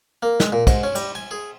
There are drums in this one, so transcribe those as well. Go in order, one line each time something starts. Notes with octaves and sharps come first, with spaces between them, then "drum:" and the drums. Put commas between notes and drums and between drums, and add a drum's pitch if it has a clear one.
A#3
G#3, drum: snare
A#2
G#2, drum: kick, cymbal
C#4
G3, drum: cymbal
G#5
G#4